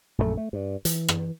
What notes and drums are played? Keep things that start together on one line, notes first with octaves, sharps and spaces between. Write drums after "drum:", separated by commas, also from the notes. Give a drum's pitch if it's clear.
A#1 F#2 C#3 A3
A3
G2
E3, drum: hi-hat
drum: rim click